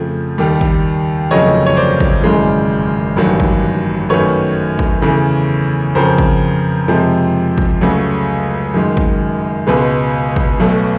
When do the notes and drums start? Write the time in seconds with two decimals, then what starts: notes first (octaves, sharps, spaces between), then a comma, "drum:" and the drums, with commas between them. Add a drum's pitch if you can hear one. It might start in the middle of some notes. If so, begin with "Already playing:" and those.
Already playing: F2 C#3 F3 A3
0.38 D#2 D#3 G3
0.61 drum: kick
1.31 G1 F2 C#3 F#3 A3 C#5 D#5
1.66 C#5
1.77 C5 D5
2.00 drum: kick
2.24 G#1 F#2 C#3 E3 G#3
3.16 A1 G2 D#3 F#3
3.40 drum: kick
4.09 F#2 D#3 F#3 A3 B4 C#5
4.79 drum: kick
5.02 E2 C#3 E3 A3
5.95 F2 C#3 F3 A#4 C5
6.18 drum: kick
6.88 F2 C3 F3 G#3
7.58 drum: kick
7.81 C#2 C#3 F#3 A3
8.74 F#2 D#3 G#3
8.97 drum: kick
9.67 C#2 B2 G#3 B4
10.36 drum: kick
10.60 B1 B2 F#3 A3